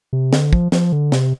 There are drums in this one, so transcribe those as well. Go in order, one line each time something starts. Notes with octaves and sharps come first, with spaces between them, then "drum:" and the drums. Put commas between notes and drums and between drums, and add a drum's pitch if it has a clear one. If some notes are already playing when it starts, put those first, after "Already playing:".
C3
D3, drum: snare
F3, drum: kick
F3, drum: snare
D3
C3, drum: snare